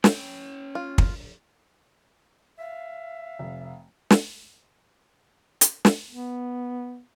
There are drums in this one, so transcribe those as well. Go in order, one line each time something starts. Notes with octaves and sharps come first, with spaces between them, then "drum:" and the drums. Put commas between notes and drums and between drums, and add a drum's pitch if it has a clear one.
C#4 G5, drum: snare
F4
drum: kick
E5 F5
F1
drum: snare
drum: hi-hat
drum: snare
B3